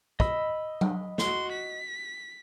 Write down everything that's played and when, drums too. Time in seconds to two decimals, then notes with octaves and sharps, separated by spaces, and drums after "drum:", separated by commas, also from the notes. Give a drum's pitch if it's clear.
0.20 D#5 B5 E6, drum: kick
0.81 drum: tom F#3
1.18 F#4 C6, drum: snare
1.52 B6